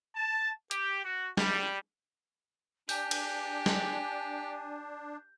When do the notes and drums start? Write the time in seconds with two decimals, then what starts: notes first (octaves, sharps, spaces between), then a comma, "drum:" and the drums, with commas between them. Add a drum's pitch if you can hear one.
0.16 A5
0.71 G4, drum: hi-hat
1.04 F#4
1.37 G3, drum: snare
2.89 D4 G4 G#5 G6, drum: open hi-hat
3.11 drum: cymbal
3.66 drum: snare